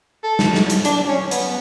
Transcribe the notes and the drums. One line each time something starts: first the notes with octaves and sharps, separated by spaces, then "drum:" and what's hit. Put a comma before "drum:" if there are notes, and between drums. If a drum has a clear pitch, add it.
A4
drum: snare
drum: snare
drum: hi-hat
D4, drum: hi-hat
C#4
B3, drum: hi-hat